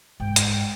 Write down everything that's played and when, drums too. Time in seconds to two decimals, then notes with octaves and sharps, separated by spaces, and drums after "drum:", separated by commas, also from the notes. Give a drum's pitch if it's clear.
0.20 G#2 G5
0.36 drum: hi-hat